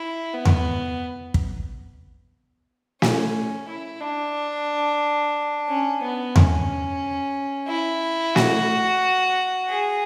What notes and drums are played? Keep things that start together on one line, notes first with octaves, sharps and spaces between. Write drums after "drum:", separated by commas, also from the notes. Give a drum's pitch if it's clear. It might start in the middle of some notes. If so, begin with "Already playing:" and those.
Already playing: E4
B3
drum: tom E2
drum: kick
C#4, drum: snare
E4
D4
C#4
B3
C#4, drum: tom E2
E4
F#4, drum: snare
G#4